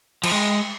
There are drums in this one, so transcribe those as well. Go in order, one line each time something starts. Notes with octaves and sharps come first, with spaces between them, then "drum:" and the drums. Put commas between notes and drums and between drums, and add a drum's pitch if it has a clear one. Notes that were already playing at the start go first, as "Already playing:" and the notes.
F3, drum: cymbal
G#3